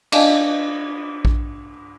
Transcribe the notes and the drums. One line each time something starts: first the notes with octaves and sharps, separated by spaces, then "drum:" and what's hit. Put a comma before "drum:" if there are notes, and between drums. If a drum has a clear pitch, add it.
D4 D5 D#5 F5 G#5 A5, drum: cymbal
drum: kick A#1